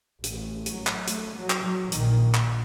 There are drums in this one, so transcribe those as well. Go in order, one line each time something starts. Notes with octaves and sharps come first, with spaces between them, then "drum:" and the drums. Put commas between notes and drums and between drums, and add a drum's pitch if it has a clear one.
A1 A2, drum: hi-hat
F#3, drum: hi-hat
drum: clap
A3, drum: hi-hat
F#3
drum: clap
F#3
A#1 A#2 D#3, drum: hi-hat
drum: clap